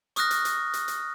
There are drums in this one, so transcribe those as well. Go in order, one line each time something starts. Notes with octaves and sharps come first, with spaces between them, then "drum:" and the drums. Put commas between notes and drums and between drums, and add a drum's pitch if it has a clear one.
C#6 D#6 F6 F#6 A#6, drum: hi-hat
drum: hi-hat
drum: hi-hat
drum: hi-hat
drum: hi-hat